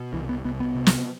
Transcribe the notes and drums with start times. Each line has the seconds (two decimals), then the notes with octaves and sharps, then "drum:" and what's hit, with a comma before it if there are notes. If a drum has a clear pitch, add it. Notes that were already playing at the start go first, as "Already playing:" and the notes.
Already playing: B2
0.13 C2 E3
0.29 B3
0.45 C2 B3
0.60 B3
0.75 C3
0.86 drum: snare